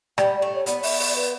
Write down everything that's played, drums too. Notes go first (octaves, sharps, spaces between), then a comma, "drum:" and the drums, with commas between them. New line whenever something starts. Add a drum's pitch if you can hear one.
G3 G5, drum: rim click
A3 D5
C#5
B3 D5, drum: hi-hat
E5, drum: open hi-hat
D5, drum: open hi-hat
B4